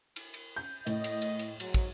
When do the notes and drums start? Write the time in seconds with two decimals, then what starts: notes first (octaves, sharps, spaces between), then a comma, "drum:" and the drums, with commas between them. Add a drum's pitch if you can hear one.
0.16 drum: cymbal
0.34 drum: cymbal
0.56 G6
0.87 A2 D#5, drum: cymbal
1.04 drum: cymbal
1.22 drum: cymbal
1.39 drum: cymbal
1.60 G#2 F#3, drum: cymbal
1.74 drum: kick, cymbal